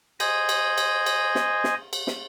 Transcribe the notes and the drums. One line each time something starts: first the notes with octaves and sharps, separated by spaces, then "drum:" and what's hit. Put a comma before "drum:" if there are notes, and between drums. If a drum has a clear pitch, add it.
C5 D#5 G#5, drum: cymbal
drum: cymbal
drum: cymbal
drum: cymbal
drum: snare
drum: snare
drum: cymbal
drum: snare